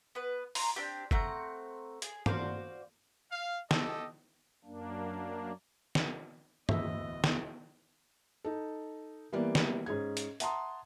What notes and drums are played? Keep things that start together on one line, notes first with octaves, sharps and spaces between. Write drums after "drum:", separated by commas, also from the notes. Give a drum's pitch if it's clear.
B3 B4
A#5 C6, drum: open hi-hat
C4 D4 G4
A3 C4 F#5 A#5, drum: kick
G#4, drum: hi-hat
F#4 C5 D5 F5, drum: tom
F5
G4 A4 D#5, drum: snare
F#2 A#3 D4
drum: snare
D1 E2 B3 D#5 E5, drum: tom
drum: snare
D#4 A4
E3 G3 A#3 B3 D5
drum: snare
G#2 C#4 G#4 G#6
drum: hi-hat
E5 F#5 A5 A#5 C6 D#6, drum: hi-hat